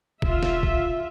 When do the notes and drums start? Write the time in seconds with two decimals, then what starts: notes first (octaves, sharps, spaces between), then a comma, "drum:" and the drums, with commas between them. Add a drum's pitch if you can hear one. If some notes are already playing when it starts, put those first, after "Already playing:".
0.22 E1 F4 E5, drum: kick
0.43 drum: snare
0.63 drum: kick